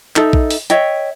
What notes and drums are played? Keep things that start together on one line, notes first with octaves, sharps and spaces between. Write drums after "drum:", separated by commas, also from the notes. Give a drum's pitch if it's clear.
D#4 A4 E5, drum: clap
drum: kick A#1
drum: open hi-hat
C#5 D#5 E5 G5, drum: hi-hat